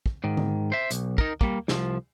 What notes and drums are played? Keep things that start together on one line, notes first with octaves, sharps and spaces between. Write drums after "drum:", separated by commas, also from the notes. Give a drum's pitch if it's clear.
drum: kick
G#2 D#3
drum: tom D3
C5 E5
B1, drum: hi-hat
D#4 A#4, drum: kick
G3 A#3, drum: kick
C2 F3, drum: snare